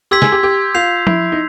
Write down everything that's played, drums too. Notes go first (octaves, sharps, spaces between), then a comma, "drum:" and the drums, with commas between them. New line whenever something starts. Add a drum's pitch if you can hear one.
G4 C6 E6 G#6 B6
G#4, drum: snare
G4
G4
F4 G6 C7 F7
E4, drum: tom F3
D#4